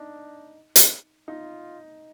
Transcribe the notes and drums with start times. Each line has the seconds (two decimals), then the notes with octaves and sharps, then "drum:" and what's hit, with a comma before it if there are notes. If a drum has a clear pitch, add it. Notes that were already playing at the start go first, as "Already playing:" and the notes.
Already playing: D4 D#4
0.76 drum: hi-hat
1.28 D#4 F4